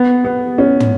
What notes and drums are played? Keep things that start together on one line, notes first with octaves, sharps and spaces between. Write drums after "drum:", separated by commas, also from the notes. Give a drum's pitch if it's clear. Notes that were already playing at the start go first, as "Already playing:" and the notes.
Already playing: B3
B3
C#4
drum: tom